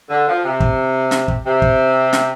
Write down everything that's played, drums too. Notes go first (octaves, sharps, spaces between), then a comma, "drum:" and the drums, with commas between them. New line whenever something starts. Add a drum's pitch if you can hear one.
D3
F3
C3
drum: kick
drum: snare
drum: kick
C3
drum: kick
drum: snare